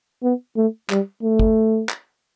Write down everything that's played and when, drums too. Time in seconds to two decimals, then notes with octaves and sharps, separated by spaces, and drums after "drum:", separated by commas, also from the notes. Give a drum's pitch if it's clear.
0.23 B3
0.56 A3
0.90 G3, drum: clap
1.23 A3
1.39 drum: kick
1.89 drum: clap